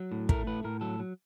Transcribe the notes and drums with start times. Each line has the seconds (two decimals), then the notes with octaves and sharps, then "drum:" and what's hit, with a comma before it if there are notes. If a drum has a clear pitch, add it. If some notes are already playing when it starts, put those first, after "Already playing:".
Already playing: F#3
0.12 A2
0.29 A3 A#4, drum: kick
0.47 A2 B4
0.64 A2 A#4
0.81 F#3 A4
0.99 F#3